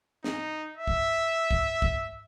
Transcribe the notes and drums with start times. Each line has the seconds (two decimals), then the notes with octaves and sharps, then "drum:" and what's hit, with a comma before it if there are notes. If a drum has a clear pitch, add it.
0.24 D#4, drum: snare
0.78 E5
0.88 drum: kick
1.51 drum: kick
1.82 drum: kick